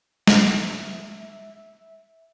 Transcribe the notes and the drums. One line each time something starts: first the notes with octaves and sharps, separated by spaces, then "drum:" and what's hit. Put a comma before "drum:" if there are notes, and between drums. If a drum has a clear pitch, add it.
F#5, drum: snare
E5